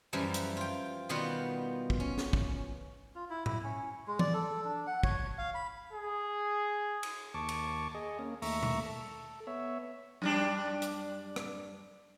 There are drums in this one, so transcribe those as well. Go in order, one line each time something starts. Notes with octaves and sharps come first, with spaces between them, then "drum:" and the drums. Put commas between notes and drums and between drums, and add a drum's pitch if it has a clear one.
F#2 E3 F3 G3
drum: hi-hat
F4 G5
B2 D#3 G3 B3 F4 F#5
drum: kick
C#4
drum: snare
drum: kick
F4
E4
E4, drum: tom A2
C#4
G#3
D5, drum: tom E3
A4
D4
F#5
C#5, drum: kick
F5
B5
G#4
drum: cymbal
D#2 A5 C#6 D6
drum: cymbal
G#4 D#5
A#3 C#4
D#2 A3 E5 A#5 C#6, drum: open hi-hat
drum: tom
A4
B3 C#5 E5
F#2 G3 D4
drum: hi-hat
drum: rim click